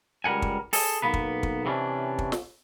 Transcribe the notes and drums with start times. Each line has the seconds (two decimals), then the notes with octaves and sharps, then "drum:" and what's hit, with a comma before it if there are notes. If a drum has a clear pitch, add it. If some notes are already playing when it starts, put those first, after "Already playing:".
0.24 C#2 G3 A#4 F#5 G#5
0.42 drum: kick
0.73 G#4 A4, drum: open hi-hat
1.02 B1 A#3 B3 B4
1.14 drum: kick
1.43 drum: kick
1.65 C3 E3 B3 C#4 D4
2.19 drum: kick
2.32 drum: snare